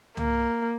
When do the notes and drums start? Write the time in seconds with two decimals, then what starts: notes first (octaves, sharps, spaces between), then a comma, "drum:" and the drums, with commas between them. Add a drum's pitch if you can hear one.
0.17 A#3, drum: tom